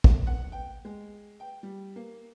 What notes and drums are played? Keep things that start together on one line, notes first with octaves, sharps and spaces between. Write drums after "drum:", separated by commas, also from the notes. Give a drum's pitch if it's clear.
A3, drum: kick
F#5
G5
G#3
G5
G3
A#3